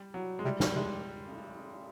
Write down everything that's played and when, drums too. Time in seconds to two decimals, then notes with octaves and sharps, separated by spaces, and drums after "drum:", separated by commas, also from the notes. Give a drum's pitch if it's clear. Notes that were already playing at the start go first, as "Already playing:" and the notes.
Already playing: G3
0.14 F#3
0.39 G#3
0.45 C3 G3
0.60 B2 G3, drum: snare
0.76 C3 G#3
1.26 drum: cymbal